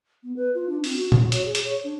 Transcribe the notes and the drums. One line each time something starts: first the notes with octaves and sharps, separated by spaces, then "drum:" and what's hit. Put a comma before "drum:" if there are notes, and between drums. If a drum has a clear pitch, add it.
B3
B4
F4
D4
C4, drum: open hi-hat
F#4
F#4, drum: tom
C#5, drum: hi-hat
G#4
drum: hi-hat
C#5
D4